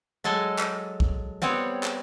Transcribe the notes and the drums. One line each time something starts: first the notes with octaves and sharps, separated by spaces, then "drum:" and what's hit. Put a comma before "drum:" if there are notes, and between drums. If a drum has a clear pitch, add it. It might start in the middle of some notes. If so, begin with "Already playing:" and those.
F#3 G#3 A4 D#5 G#5
drum: clap
drum: kick
G3 B3 C4 C#5
drum: clap